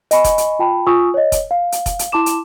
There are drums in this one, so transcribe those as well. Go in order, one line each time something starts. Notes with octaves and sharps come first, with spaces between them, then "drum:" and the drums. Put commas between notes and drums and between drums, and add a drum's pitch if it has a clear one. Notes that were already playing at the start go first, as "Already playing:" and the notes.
D#5 G#5 B5 C#6, drum: hi-hat
drum: kick F1, hi-hat
drum: hi-hat
F4 G5 A5 B5
F4 G#5 C#6 D#6 E6
C#5 D#5
drum: kick F1, hi-hat
F5
drum: hi-hat
drum: kick F1, hi-hat
drum: hi-hat
E4 A5 C6 D6 E7
drum: hi-hat